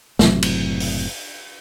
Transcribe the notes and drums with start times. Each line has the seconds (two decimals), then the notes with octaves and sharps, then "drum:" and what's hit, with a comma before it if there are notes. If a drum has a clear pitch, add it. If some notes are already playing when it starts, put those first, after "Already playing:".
0.19 F#1 A2 C3 F#3, drum: snare
0.42 drum: cymbal
0.80 drum: open hi-hat